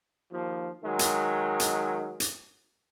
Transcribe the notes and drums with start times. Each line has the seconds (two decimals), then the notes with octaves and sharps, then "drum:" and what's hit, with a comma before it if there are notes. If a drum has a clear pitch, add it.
0.32 D#2 F3
0.84 D#3 F#3 G#3
0.99 drum: hi-hat
1.60 drum: hi-hat
2.20 drum: hi-hat